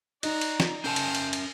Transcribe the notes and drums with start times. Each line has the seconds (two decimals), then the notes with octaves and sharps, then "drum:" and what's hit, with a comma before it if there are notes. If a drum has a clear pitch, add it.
0.23 D#4 F#4 D5 A#5, drum: cymbal
0.41 drum: cymbal
0.60 drum: snare
0.84 C#4 A#4 C5 G#5 A5 F6
0.96 drum: cymbal
1.15 drum: cymbal
1.33 drum: cymbal